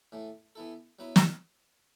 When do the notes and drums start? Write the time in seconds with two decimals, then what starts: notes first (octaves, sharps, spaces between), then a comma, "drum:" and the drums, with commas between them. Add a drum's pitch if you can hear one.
0.12 A2 E3 A3
0.55 E3 B3 E4 A4
0.99 F#3 B3 E4 B4
1.16 drum: snare